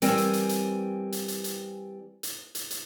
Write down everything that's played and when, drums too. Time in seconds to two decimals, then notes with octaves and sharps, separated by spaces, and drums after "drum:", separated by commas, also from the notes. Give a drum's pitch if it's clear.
0.02 E3 G3 C4 A#4 G5 G#5, drum: hi-hat
0.18 drum: hi-hat
0.33 drum: hi-hat
0.49 drum: hi-hat
1.12 drum: hi-hat
1.28 drum: hi-hat
1.44 drum: hi-hat
2.23 drum: hi-hat
2.55 drum: hi-hat
2.71 drum: hi-hat